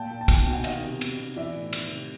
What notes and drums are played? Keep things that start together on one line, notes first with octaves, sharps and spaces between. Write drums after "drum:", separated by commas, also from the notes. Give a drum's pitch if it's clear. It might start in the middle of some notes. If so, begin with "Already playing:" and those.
Already playing: A#2 G5 A5
A#2
A5
B2 G#5, drum: kick, cymbal
B2 G5
F#5
D#3 D#5 F5, drum: cymbal
C3
B2, drum: cymbal
B2
E3 D5 E5
A2
D#3, drum: cymbal
C3